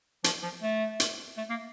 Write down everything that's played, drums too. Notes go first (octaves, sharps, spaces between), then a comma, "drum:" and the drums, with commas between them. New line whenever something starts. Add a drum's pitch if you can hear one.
F3, drum: hi-hat
F3
A3
drum: hi-hat
A3
A#3